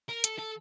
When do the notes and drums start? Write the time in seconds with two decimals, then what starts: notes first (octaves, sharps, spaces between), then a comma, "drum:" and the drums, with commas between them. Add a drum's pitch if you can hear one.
0.09 A#4
0.24 A4, drum: hi-hat
0.38 A4